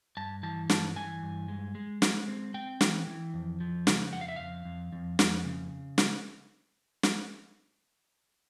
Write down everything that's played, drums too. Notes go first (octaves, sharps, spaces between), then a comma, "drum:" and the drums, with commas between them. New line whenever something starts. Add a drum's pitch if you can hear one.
G2 A5
E3 A5
G2 A5, drum: snare
E3 G#5
G2
G#3
G#3
G#3, drum: snare
C4
C4 G5
E3, drum: snare
E3
F2
F3
C#3, drum: snare
F2 F#5
F5
E5
F2 F5
F2
F2
F2, drum: snare
C#3
drum: snare
drum: snare